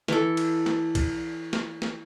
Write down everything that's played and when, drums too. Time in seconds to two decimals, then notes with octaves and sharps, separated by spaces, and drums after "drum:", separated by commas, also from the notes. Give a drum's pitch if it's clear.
0.08 E3 A4, drum: snare
0.37 drum: cymbal
0.66 drum: snare
0.95 drum: kick B1, cymbal
1.53 drum: snare
1.82 drum: snare